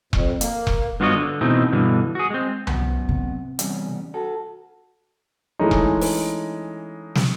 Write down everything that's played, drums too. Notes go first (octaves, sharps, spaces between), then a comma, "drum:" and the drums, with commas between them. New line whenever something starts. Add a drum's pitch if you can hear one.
F2, drum: kick E1
A#3, drum: hi-hat
drum: kick E1
G2 B3 F4 F#4 C#5 D#5
D3
B2 E3 A3 C4 D#4
G2 B2 D3 E3
F#4 G#4
G#3 C4
F#2 B3, drum: tom C2
C3
E2 G3 C#4, drum: hi-hat
F#4 A4
E3 G#3 A3 C#4 D#4
drum: kick E1
drum: open hi-hat
drum: snare